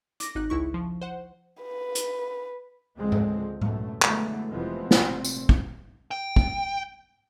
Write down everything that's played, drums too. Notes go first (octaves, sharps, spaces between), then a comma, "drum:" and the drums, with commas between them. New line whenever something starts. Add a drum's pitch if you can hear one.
D6 A#6, drum: hi-hat
G#1 D#4 F#6
C#2 E4 C#6
F3
C5 F#5
B4
drum: hi-hat
C#2 D3 F3 G#3 C4
drum: tom G#2
C2 F#2 B2 A3, drum: tom A2
D3 E3 F#3 G#3 A3 B3, drum: clap
F1 E3 F3 G#3 B3 C4
F1 A#2 C4, drum: snare
drum: tambourine
drum: kick
G5
drum: kick